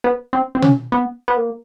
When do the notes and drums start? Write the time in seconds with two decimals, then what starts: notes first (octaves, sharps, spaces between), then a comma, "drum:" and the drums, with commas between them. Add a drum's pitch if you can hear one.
0.04 B3
0.33 C4
0.55 C4
0.62 C#4, drum: tom B2
0.92 B3
1.28 B3
1.37 A#3